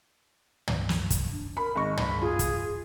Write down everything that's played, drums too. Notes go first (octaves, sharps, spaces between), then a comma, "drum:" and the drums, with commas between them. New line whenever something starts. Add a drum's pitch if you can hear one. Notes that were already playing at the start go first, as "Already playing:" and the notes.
drum: tom
drum: snare
drum: kick, hi-hat
D4
A#4 B5
G#1 D#5 C#6
B5, drum: tom
F4 G#4
drum: kick, hi-hat